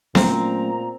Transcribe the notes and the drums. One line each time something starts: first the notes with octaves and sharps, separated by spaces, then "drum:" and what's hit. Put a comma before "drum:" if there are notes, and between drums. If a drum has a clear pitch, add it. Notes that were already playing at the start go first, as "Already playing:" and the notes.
A#2 F#3 A3 C4 C#4 A#5, drum: snare B3